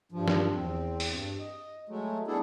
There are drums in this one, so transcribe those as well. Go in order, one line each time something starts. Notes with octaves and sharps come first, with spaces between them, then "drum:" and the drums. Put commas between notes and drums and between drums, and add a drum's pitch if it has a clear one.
G2 F3
drum: snare
E2 C4
drum: open hi-hat
G2
D#5
F#3 G#3 A3
G3 B3 D4 E4 G#4 A4